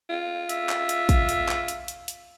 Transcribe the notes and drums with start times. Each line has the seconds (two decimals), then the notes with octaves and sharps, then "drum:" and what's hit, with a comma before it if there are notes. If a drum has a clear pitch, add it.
0.10 F4
0.49 E5, drum: hi-hat
0.69 drum: clap
0.89 drum: hi-hat
1.09 drum: kick, hi-hat
1.29 drum: hi-hat
1.49 drum: clap
1.68 drum: hi-hat
1.88 drum: hi-hat
2.08 drum: hi-hat